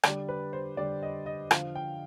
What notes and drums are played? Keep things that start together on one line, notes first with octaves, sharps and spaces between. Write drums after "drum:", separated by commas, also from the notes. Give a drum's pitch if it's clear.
D3 G3 D5, drum: rim click
B4
C5
D3 G3 D5
D#5
D#5
D3 F3 F5, drum: rim click
G5